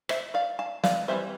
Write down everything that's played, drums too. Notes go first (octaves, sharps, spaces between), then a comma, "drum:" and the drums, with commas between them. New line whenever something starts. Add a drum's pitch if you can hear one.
C5 E5, drum: rim click
D5 F5
F5 A5
D5 F5, drum: snare
E3 G3 C4 C5 E5